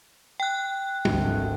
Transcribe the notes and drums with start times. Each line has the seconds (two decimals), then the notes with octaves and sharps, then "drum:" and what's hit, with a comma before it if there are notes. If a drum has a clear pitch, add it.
0.40 G5 F#6
1.05 G#1 D2, drum: tom